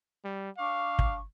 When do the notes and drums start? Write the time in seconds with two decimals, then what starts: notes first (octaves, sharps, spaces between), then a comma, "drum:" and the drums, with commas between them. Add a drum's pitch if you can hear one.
0.25 G3
0.58 D4 F5 C#6 D6
0.99 drum: kick